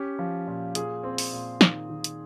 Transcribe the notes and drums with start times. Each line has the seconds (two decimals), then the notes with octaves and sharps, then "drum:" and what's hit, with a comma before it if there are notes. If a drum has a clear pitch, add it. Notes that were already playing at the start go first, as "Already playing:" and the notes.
Already playing: C#4 G4
0.19 F3
0.47 A#2
0.75 A#2 G#4, drum: hi-hat
1.03 C4
1.18 drum: open hi-hat
1.33 A#2
1.61 D#3, drum: snare
1.90 D#3
2.04 drum: hi-hat